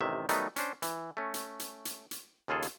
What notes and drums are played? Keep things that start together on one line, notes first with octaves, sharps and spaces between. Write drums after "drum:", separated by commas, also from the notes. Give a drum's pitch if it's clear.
A1 C3 D#3 E5
D#3 F#3 G3 A3 B3 D#4, drum: hi-hat
C#4 D4 C5, drum: hi-hat
E3, drum: hi-hat
A3 C#4
drum: hi-hat
drum: hi-hat
drum: hi-hat
drum: hi-hat
D#2 C#3 F4 G#4 A4
drum: hi-hat